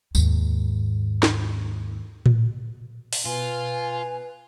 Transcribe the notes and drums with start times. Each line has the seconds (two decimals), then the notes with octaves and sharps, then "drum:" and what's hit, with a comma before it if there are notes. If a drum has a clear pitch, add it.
0.15 D#2 G#2, drum: tambourine
1.23 drum: snare
2.26 drum: tom A2
3.13 drum: open hi-hat
3.26 B2 F4 B4 G#5